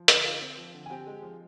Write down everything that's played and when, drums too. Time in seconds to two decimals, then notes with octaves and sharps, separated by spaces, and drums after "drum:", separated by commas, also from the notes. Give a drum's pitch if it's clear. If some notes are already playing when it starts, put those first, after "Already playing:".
Already playing: F3
0.08 D3 D#4 D#5, drum: hi-hat
0.24 D#4 F4 F5
0.41 C4
0.58 F3
0.74 D3
0.86 G#5
0.90 C4 G4 G5
1.06 G#3
1.22 F3